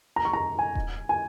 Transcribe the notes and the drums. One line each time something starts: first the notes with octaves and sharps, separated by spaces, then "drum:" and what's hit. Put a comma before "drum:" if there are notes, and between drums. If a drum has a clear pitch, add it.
A#5
C#6
A#5
G#5
drum: kick D#1
G#5